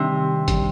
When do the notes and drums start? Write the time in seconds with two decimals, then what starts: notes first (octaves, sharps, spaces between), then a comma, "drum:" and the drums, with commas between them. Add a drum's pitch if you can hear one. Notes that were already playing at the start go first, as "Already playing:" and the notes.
Already playing: C3 D#3 G3 D4
0.48 D#3 G3 D4, drum: kick, hi-hat